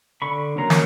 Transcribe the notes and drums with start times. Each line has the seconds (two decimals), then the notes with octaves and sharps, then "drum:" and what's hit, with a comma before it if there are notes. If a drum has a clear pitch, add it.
0.22 D3 B5 C#6
0.58 F#3 A#3 C#4 A#5 C6
0.70 drum: snare